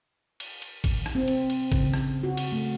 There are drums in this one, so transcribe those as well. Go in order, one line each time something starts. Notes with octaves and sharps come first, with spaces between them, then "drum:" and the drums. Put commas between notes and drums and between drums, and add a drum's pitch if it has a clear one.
drum: cymbal
drum: cymbal
drum: kick, cymbal
drum: rim click
C4
drum: cymbal
drum: cymbal
C#3, drum: kick, cymbal
drum: rim click
F#4
drum: cymbal
A3